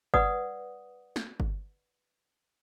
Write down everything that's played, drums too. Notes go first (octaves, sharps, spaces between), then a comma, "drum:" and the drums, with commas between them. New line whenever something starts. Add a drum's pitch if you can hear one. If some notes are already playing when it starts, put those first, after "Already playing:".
B4 D5 F#5 D#6, drum: kick G1
drum: snare
drum: kick G1